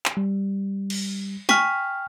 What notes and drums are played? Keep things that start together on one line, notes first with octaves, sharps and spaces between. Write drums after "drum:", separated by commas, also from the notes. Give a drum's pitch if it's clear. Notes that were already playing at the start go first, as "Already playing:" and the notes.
drum: clap
G3
drum: cymbal
G5 G#5 C#6 F6 B6, drum: snare